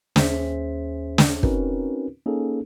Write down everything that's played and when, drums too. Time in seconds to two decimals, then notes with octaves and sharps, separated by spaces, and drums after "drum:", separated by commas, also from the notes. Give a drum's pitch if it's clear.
0.16 D#2 C#4 G#4 C5 E5 B6, drum: snare
1.18 drum: snare
1.43 C4 C#4 D#4 F#4 A#4 B4, drum: kick
2.26 A#3 C#4 D#4 G#4 A4